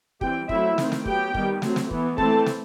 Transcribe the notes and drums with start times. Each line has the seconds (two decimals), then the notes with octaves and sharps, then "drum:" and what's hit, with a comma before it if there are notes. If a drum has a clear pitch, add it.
0.21 E3 G3 C4 G4 G5, drum: kick
0.49 F#3 A3 C4 E4 E5, drum: kick
0.78 D#3 A3 C4, drum: snare
0.92 drum: snare
1.05 F#3 B3 G4 G5, drum: kick
1.34 D#3 G3 B3, drum: kick
1.62 F#3 A3 C4, drum: snare
1.76 drum: snare
1.91 E3 B3, drum: kick
2.18 E3 A3 C4 A4 A5, drum: kick
2.46 drum: snare